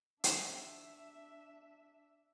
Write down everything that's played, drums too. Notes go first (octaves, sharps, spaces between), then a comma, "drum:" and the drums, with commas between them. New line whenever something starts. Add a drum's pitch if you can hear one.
D4 E5, drum: hi-hat